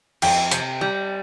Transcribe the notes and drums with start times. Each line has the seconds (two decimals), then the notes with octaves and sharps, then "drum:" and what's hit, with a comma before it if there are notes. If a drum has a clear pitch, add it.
0.22 F2 G5, drum: cymbal
0.51 C3, drum: hi-hat
0.81 G3